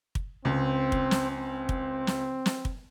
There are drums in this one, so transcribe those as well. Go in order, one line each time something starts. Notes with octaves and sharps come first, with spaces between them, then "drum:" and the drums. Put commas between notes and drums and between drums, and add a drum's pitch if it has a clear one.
drum: kick
C#2 C4
drum: kick
drum: snare
C4
drum: kick
drum: snare
drum: snare
drum: kick